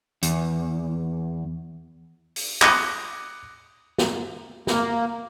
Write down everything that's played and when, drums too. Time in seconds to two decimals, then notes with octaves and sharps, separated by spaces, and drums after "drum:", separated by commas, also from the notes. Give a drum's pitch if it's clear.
0.23 E2, drum: hi-hat
2.36 drum: open hi-hat
2.62 D6 D#6 F#6 A#6 C#7, drum: clap
3.98 drum: snare
4.67 A#3, drum: snare